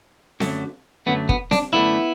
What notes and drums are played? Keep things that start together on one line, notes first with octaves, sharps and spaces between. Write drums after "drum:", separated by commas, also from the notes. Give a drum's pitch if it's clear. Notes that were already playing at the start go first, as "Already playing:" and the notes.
F#2 D3 F#3 A3, drum: snare C4
F#2 D3 F#3 A3 B3
B3, drum: kick
D4, drum: snare C4
F#2 D3 A3 B3 E4